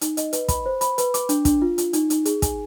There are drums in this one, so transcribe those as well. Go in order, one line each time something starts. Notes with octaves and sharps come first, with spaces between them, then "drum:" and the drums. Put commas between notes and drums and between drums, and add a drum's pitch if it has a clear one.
D#4, drum: hi-hat
D#5, drum: hi-hat
B4, drum: hi-hat
B5, drum: kick, hi-hat
C5
B5, drum: hi-hat
B4, drum: hi-hat
D6, drum: hi-hat
D4, drum: hi-hat
D4, drum: kick, hi-hat
F4
F4, drum: hi-hat
D#4, drum: hi-hat
D#4, drum: hi-hat
G#4, drum: hi-hat
G#5, drum: kick, hi-hat